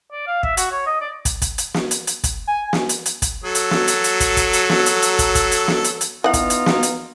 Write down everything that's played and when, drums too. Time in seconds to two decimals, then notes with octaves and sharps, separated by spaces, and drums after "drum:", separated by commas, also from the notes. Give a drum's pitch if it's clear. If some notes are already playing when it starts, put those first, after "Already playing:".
0.11 D5
0.27 F5
0.43 E5, drum: kick
0.57 F#4, drum: hi-hat
0.71 C#5
0.86 D#5
1.01 D5
1.25 drum: kick, hi-hat
1.42 drum: kick, hi-hat
1.58 drum: hi-hat
1.74 drum: snare
1.91 drum: hi-hat
2.07 drum: hi-hat
2.24 drum: kick, hi-hat
2.47 G#5
2.73 drum: snare
2.89 drum: hi-hat
3.06 drum: hi-hat
3.22 drum: kick, hi-hat
3.44 F#3 A4
3.55 drum: hi-hat
3.71 drum: snare
3.88 drum: hi-hat
4.04 drum: hi-hat
4.20 drum: kick, hi-hat
4.37 drum: kick, hi-hat
4.53 drum: hi-hat
4.70 drum: snare
4.86 drum: hi-hat
5.02 drum: hi-hat
5.19 drum: kick, hi-hat
5.35 drum: kick, hi-hat
5.51 drum: hi-hat
5.68 drum: snare
5.84 drum: hi-hat
6.01 drum: hi-hat
6.24 E3 B3 D#4 F4 F#5
6.33 drum: kick, hi-hat
6.50 drum: hi-hat
6.66 drum: snare
6.83 drum: hi-hat